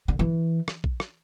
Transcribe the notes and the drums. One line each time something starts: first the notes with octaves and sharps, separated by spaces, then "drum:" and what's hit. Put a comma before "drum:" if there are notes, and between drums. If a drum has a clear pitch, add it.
D3
E3
drum: rim click
drum: kick A#1
drum: rim click